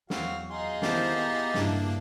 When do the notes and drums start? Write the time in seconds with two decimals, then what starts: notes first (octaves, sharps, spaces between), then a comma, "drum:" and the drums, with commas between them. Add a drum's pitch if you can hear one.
0.10 E2 F#3 C4 F#4 F5, drum: snare
0.50 D#4 F4 G#4 C6
0.82 D#3 B3 E4 G4 C5 A5, drum: snare
1.18 B3
1.54 G2 C#3 A#3 D4 E4, drum: snare